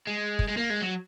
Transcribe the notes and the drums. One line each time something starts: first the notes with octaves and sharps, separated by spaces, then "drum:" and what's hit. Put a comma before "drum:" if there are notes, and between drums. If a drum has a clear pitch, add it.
G#3
drum: kick
G#3
A#3
G#3
F#3